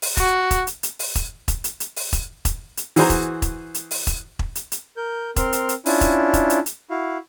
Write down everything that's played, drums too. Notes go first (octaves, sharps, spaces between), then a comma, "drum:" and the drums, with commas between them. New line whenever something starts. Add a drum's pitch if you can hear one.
drum: open hi-hat
F#4, drum: kick E1, hi-hat
drum: kick E1, hi-hat
drum: hi-hat
drum: hi-hat
drum: open hi-hat
drum: kick E1, hi-hat
drum: kick E1, hi-hat
drum: hi-hat
drum: hi-hat
drum: open hi-hat
drum: kick E1, hi-hat
drum: kick E1, hi-hat
drum: hi-hat
E3 F#4 G#4 C5 G#5 A#5, drum: open hi-hat
drum: kick E1, hi-hat
drum: kick E1, hi-hat
drum: hi-hat
drum: open hi-hat
drum: kick E1, hi-hat
drum: kick E1
drum: hi-hat
drum: hi-hat
A#4 G6
C4 A#4 C6 F6, drum: kick E1, hi-hat
drum: hi-hat
drum: hi-hat
C#4 D4 E4 F4, drum: open hi-hat
drum: kick E1, hi-hat
drum: kick E1, hi-hat
drum: hi-hat
drum: hi-hat
E4 F#4 F5